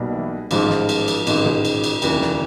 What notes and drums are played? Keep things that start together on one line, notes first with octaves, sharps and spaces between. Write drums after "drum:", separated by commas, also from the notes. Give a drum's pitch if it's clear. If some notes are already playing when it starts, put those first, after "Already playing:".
Already playing: B1 B2 G3 A#3
E3 E4
A1 G#2 D#3 F3 G#3 F4, drum: cymbal
drum: snare
drum: cymbal
drum: cymbal
A1 G#2 D#3 G#3, drum: cymbal
drum: tom B2
drum: cymbal
drum: cymbal
F1 D#2 C#3 E3 G3, drum: cymbal
drum: snare